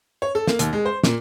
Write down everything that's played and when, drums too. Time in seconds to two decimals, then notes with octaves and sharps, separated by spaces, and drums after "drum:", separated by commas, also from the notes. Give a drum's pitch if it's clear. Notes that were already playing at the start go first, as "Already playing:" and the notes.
0.22 C#5
0.35 A4
0.47 A#3, drum: snare
0.59 D#2, drum: hi-hat
0.73 G#3
0.85 C5
1.04 A#2, drum: snare